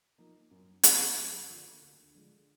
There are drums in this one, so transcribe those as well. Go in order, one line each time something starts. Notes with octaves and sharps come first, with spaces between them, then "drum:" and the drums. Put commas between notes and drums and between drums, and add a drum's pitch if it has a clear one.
F3 A#3 D#4
F#2
D3 F3 A#3 F4, drum: hi-hat
F#2
D3 F3 A#3 F4
D2
D3 F3 G#3